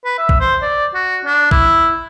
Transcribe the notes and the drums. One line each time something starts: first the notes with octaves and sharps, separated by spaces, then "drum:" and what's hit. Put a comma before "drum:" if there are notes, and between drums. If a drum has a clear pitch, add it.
B4
E5
drum: kick
C5
D5
F#4
D4
E4, drum: kick